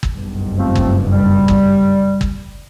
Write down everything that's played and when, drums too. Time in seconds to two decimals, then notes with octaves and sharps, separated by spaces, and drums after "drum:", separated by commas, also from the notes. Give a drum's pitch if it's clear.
0.03 drum: kick G1
0.12 F#1 B1 G2
0.56 F3 A3 C4
0.75 drum: kick G1
1.12 G3
1.48 drum: kick G1
2.21 drum: kick G1